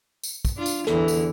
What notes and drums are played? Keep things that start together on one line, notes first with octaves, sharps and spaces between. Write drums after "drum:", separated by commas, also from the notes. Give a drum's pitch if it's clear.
drum: tambourine
drum: kick, tambourine
D4 F4
drum: tambourine
E2 D3 E3 A4, drum: snare
drum: tambourine